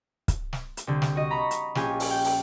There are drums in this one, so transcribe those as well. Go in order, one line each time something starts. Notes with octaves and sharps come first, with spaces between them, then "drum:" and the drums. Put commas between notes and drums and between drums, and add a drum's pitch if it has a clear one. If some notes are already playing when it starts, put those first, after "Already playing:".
drum: kick, hi-hat
drum: snare
drum: hi-hat
C2 D3
drum: snare
F#4 D#5
A#5 B5 C#6 B6
drum: hi-hat
A#1 C#4 F4 G4 G#5, drum: snare
drum: open hi-hat
G5
drum: open hi-hat